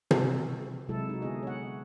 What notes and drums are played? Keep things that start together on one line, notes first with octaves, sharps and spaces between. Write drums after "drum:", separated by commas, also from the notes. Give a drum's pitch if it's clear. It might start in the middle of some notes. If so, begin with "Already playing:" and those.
C3 C4 D#4 F#4 A4, drum: tom
C3 F#3 G#3 E4 A4
D#4 F#4
D3 B3 D#4 E4 G#4 D#5
C#5 F#5